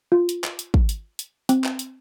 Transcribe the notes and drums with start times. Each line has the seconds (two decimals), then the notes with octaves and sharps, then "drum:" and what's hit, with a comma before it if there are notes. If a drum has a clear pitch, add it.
0.12 F4
0.29 drum: hi-hat
0.44 drum: clap
0.59 drum: hi-hat
0.74 drum: kick
0.89 drum: hi-hat
1.19 drum: hi-hat
1.49 C4, drum: hi-hat
1.64 drum: clap
1.79 drum: hi-hat